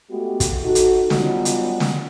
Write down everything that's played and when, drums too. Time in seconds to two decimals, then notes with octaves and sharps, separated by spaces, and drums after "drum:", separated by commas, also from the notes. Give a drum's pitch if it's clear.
0.10 G#3 A3 B3 F#4 G4
0.40 drum: kick, hi-hat
0.64 D#4 F#4 A4
0.75 drum: hi-hat
1.10 F#3 G3 B3 C#4 D#4 F4, drum: snare
1.45 drum: hi-hat
1.80 drum: snare